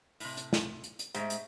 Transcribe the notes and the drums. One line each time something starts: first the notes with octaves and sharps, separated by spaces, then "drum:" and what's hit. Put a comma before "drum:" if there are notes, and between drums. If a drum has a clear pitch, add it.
A2 C3, drum: open hi-hat
drum: hi-hat
drum: snare
drum: hi-hat
drum: hi-hat
G#2 A3 D#5 E5, drum: hi-hat
drum: hi-hat